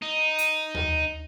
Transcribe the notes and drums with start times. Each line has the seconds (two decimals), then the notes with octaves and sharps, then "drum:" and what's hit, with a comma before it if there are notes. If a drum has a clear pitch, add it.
0.02 D#4
0.38 drum: hi-hat
0.74 drum: tom D#2